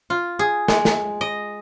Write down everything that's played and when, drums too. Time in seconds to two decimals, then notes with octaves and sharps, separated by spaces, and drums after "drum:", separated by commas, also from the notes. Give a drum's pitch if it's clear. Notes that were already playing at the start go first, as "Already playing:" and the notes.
0.10 F4
0.39 G#4
0.68 G#3, drum: snare
0.85 drum: snare
1.21 D#5